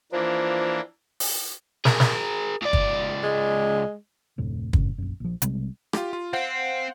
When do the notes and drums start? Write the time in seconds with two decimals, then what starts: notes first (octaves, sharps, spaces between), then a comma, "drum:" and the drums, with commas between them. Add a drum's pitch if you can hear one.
0.12 E3 F3 A#3 D4
1.20 drum: open hi-hat
1.85 G#4 A#4, drum: snare
2.00 drum: snare
2.62 C#2 D5
2.73 drum: kick
3.23 G#3
4.38 F1 D2 A2 C3
4.73 F#2 A2 C#3, drum: kick
4.98 A#1 F#2
5.20 A#1 F3
5.42 B1 C3 G3 G#3, drum: hi-hat
5.93 F4 G4, drum: rim click
6.13 F4
6.33 C4 C5 F5 F#5